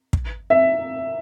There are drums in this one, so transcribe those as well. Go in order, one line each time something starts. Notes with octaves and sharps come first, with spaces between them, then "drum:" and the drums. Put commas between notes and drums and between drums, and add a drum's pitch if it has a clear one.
drum: kick
E5